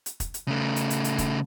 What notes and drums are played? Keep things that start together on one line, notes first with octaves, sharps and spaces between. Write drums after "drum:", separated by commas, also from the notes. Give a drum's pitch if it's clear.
drum: hi-hat
drum: kick, hi-hat
drum: hi-hat
C#3 A3
drum: hi-hat
drum: hi-hat
drum: hi-hat
drum: kick, hi-hat